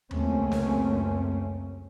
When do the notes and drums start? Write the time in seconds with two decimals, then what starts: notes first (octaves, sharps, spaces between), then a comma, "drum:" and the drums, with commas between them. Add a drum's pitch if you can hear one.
0.11 C#2 F#2 A3 A#3 C4 C#4, drum: tom D#2
0.52 drum: snare